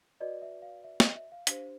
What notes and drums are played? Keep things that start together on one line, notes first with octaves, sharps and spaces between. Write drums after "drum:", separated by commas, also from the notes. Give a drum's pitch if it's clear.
F#4 B4 D5 D#5
E5
F5
E5
D#5, drum: snare
E5
F5
D4 G4 C5 F5, drum: hi-hat